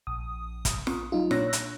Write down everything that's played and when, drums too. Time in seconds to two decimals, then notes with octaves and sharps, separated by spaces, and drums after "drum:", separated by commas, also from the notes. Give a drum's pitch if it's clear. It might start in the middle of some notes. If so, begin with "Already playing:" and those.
0.07 A#1 D#6
0.65 drum: kick, hi-hat
0.87 drum: snare
1.12 F#3 D#4 F4
1.31 A#2 D4 C#5 E6 F#6 A#6, drum: snare
1.53 drum: hi-hat